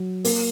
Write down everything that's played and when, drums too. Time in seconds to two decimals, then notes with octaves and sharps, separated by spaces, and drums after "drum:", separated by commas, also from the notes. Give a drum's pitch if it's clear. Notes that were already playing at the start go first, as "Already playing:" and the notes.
Already playing: F#3
0.25 A#3, drum: open hi-hat